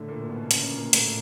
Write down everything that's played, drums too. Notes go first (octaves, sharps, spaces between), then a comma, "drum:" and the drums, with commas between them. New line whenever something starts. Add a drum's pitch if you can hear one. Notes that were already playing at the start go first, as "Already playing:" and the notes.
Already playing: A2 D3 A3 D4
A#2 A#3
A#3
B2 B3
C#3 C#4, drum: hi-hat
A#2 A#3
A2 A3, drum: hi-hat